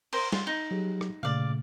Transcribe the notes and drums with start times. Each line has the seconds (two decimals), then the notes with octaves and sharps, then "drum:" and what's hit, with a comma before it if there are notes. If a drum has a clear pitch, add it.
0.13 A#4 C5, drum: cymbal
0.32 F4, drum: snare G3
0.47 D#4
0.71 F#3 G4 G#4
1.01 drum: rim click
1.23 A#2 C#3 A3 D5 F5